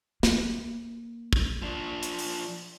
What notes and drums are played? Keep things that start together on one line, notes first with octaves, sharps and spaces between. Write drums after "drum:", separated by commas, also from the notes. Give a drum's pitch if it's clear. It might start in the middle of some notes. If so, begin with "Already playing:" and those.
A#3, drum: snare
drum: kick
F3 D4
drum: hi-hat
drum: open hi-hat